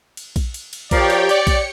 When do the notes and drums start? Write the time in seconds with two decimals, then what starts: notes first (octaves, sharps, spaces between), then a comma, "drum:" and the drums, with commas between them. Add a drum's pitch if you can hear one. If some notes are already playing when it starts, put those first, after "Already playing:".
0.17 drum: cymbal
0.36 drum: kick A#1, cymbal
0.54 drum: cymbal
0.73 drum: cymbal
0.91 F3 G4 A#4 C#5 D5 G5, drum: kick A#1, cymbal
1.10 drum: cymbal
1.29 D5 C#7, drum: cymbal
1.47 drum: kick A#1, cymbal